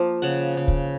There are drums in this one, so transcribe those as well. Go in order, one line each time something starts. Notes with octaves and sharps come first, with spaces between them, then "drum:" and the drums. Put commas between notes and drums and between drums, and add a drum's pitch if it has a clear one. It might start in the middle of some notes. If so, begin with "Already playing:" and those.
Already playing: F3 A#3
C#3 F#5
C#3
drum: kick